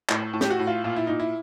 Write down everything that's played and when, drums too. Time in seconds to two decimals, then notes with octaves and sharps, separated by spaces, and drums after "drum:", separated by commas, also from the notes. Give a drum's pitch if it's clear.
0.09 A2, drum: clap
0.33 A2
0.41 G4, drum: snare
0.50 F#4
0.59 A2
0.67 F4
0.84 A#2 F4
0.96 E4
1.07 A#2 D#4
1.20 E4